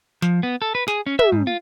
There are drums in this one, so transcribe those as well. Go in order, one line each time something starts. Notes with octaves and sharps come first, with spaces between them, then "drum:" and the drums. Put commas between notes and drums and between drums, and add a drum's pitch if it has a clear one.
F3, drum: snare
B3
A4
B4
G#4, drum: snare
C#4
E5, drum: tom
G#2
F4